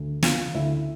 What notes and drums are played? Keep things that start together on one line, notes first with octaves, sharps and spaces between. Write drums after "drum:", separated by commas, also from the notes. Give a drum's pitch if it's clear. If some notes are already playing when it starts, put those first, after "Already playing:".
Already playing: D2
C#3 F4 F5, drum: snare
D2 E4 E5